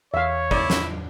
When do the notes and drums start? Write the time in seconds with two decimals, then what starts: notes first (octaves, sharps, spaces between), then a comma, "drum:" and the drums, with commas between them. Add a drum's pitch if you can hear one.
0.14 E2 C#5 E5 F5
0.51 E4 D5, drum: kick
0.70 drum: snare